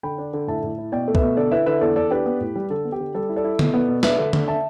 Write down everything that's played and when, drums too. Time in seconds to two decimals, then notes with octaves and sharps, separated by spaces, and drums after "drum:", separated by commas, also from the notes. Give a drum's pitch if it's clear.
0.03 D3 G5 B5
0.18 D4
0.33 D3
0.47 A2 E5 A5
0.63 A2
0.78 E4
0.92 B2 D5 G5
1.08 A3
1.15 B4 E5, drum: kick
1.22 B2
1.37 D3 A4 D5
1.52 E4 B4 E5
1.66 D3 B4 E5
1.81 E2 A4 D5
1.96 E2 A4 D5
2.11 D4 G4 B4
2.26 B3
2.40 A2
2.56 G3
2.70 D3 A4
2.85 B3
2.92 G4
3.00 D3
3.15 G3 A4
3.29 E4
3.36 A4 D5
3.44 E4
3.59 B2, drum: tom
3.74 B3
3.88 B2
4.03 D4 B4 E5, drum: snare
4.19 D3
4.33 D3, drum: tom
4.48 E5 A5